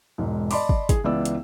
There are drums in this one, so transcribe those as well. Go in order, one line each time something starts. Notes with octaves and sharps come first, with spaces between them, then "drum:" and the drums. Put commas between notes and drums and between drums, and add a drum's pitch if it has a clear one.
E1 G#2
D5 D#5 A5 B5 C6 D6, drum: open hi-hat
drum: kick
G#4, drum: kick, hi-hat
C#2 E3 B3 D5 E6
drum: hi-hat